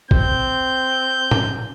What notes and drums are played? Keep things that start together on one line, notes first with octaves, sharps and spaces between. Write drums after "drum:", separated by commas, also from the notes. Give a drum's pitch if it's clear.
C4 G6, drum: kick
drum: tom G#2